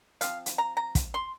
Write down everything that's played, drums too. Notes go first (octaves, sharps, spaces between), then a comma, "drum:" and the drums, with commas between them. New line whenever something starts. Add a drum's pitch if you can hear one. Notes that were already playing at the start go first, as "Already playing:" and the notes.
F3 C4 F5, drum: hi-hat
drum: hi-hat
A#5
A#5
drum: kick, hi-hat
C6